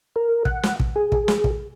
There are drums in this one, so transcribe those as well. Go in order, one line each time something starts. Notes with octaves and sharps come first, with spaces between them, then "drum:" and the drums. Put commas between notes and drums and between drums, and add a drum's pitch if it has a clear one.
A#4
F#5, drum: kick
drum: snare
drum: kick
G#4
drum: kick
drum: snare
drum: kick